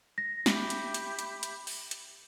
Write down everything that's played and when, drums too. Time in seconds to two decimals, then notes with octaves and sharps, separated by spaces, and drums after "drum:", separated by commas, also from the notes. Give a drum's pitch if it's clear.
0.18 A#6
0.46 G4 E5 B5, drum: snare
0.70 drum: hi-hat
0.94 drum: hi-hat
1.19 drum: hi-hat
1.43 drum: hi-hat
1.67 drum: open hi-hat
1.91 drum: hi-hat